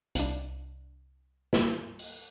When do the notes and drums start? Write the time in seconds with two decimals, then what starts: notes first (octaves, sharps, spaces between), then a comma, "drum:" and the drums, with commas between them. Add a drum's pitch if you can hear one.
0.15 C2 D4, drum: hi-hat
1.53 drum: snare
1.99 drum: open hi-hat